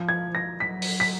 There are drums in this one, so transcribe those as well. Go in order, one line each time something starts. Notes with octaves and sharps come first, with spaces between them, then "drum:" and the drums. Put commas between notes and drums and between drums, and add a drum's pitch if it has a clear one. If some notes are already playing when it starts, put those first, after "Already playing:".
Already playing: F3
G#6
A#6
F#3 B6
drum: open hi-hat
B6